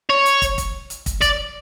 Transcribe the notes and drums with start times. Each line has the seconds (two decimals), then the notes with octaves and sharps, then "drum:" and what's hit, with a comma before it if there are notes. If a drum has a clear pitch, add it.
0.10 C#5
0.26 drum: hi-hat
0.42 drum: kick, hi-hat
0.58 drum: kick, hi-hat
0.90 drum: hi-hat
1.06 drum: kick, hi-hat
1.22 D5, drum: kick, hi-hat